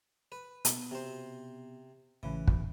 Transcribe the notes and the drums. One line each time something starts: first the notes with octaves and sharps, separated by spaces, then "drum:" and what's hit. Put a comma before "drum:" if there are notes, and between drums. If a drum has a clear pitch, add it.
B4
B2, drum: hi-hat
C3 C5
A1 C#3 E3 B4
drum: kick